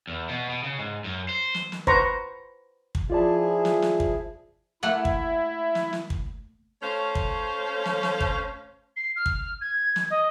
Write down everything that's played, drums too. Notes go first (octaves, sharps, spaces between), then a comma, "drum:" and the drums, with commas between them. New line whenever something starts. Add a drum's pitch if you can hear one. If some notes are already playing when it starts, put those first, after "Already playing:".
E2
B2
B2
C#3
G#2
F#2
C5
drum: snare
drum: snare
B4 C5 A#5 C#6, drum: kick
drum: kick
F3 E4 F4 G#4 D5 A5
drum: snare
drum: snare
drum: kick
A3 A#3 E4 F#5
drum: kick
drum: snare
drum: snare
drum: kick
A3 C#4 C5 C#5 F5
drum: kick
drum: snare
drum: snare
drum: kick
C7
F6
drum: kick
G#6
drum: snare
D#5